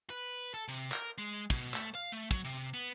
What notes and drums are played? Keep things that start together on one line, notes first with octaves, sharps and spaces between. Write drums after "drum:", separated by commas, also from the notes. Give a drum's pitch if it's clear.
B4
A4
C3
A#4, drum: clap
G#3
B2, drum: kick
A3, drum: clap
F5
A3
F#3, drum: kick
C3
B3